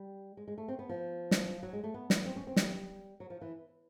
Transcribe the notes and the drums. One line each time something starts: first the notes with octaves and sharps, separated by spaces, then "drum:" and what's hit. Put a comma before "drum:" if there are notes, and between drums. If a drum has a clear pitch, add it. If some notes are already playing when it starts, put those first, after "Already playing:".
Already playing: G3
G#3
G#3
A3
C4
B3
F3
drum: snare
F#3
G#3
A3
B3
drum: snare
C4
C#4
C4
G3, drum: snare
F#3
F3
E3